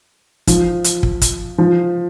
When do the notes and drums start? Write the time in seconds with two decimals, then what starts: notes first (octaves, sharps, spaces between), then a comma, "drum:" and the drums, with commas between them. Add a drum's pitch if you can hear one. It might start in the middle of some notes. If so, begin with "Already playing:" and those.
0.47 F3, drum: kick, hi-hat
0.84 drum: hi-hat
1.03 drum: kick
1.22 drum: kick, hi-hat
1.58 F3